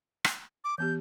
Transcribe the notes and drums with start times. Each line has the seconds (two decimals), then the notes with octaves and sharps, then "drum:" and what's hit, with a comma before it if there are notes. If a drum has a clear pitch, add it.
0.25 drum: rim click
0.64 D6
0.78 E3 B3 G4 G6